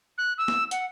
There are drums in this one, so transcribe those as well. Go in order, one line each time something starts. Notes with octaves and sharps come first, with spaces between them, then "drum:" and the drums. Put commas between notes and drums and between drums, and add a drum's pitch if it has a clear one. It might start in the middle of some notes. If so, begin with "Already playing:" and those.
F#6
E6
drum: snare
F#5, drum: hi-hat